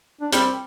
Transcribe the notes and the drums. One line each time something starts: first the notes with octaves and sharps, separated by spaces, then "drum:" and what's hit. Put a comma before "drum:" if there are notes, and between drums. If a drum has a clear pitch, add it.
D4
G3 C4, drum: hi-hat